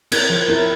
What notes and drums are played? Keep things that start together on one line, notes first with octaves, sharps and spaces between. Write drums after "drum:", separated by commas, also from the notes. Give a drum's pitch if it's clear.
C4 E4 A#4, drum: cymbal
F3
C4 E4 A#4